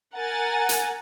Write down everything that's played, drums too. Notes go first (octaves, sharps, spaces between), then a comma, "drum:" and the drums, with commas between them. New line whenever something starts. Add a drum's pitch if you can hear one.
A#4 F#5 G#5 A6
drum: hi-hat